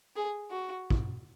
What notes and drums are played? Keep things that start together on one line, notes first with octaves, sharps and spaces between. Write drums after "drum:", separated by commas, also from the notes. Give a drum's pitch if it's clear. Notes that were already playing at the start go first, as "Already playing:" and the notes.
G#4
F#4
drum: kick